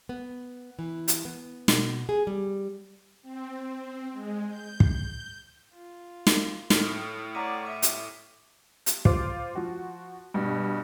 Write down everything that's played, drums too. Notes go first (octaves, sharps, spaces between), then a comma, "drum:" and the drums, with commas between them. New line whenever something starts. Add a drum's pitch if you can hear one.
B3
E3
drum: hi-hat
B3
B2, drum: snare
G#4
G3
C4
G#3
G6
drum: kick
F4
drum: snare
A2 F6 B6, drum: snare
C#5 D5 F#5 A#5 D6 B6 D#7
E5 D#7
drum: hi-hat
drum: hi-hat
F4 C5 D6, drum: kick
F3 F#4
G2 B2